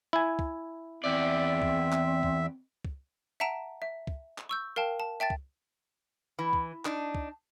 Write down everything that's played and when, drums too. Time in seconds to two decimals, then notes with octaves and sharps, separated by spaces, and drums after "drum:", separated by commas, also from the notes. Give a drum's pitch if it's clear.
0.13 E4 G#5
0.39 drum: kick
1.04 E2 C4 D5 E5
1.62 drum: kick
1.92 drum: clap
2.23 drum: kick
2.85 drum: kick
3.40 E5 F#5 A5 A#5 D7 E7
3.82 E5
4.07 drum: kick
4.38 drum: clap
4.49 C#6 E6 G6
4.76 A#4 F5 G5 A5
5.00 A5
5.20 E5 G5 A5 A6
5.30 drum: kick
6.39 E3
6.53 drum: kick
6.85 D4 D#4, drum: clap
7.15 drum: kick